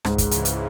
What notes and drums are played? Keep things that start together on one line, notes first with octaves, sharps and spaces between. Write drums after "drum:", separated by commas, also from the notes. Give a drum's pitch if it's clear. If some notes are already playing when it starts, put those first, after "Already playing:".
C#2 G#2 G#3, drum: rim click
drum: kick, hi-hat
C#3 E3, drum: hi-hat
drum: hi-hat